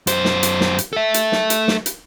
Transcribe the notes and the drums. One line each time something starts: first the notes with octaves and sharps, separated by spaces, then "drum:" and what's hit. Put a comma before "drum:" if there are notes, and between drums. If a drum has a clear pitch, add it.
F#2 C5, drum: hi-hat
drum: snare
drum: hi-hat
drum: snare
drum: hi-hat
A4 E5
drum: hi-hat
drum: snare
drum: hi-hat
drum: snare
drum: hi-hat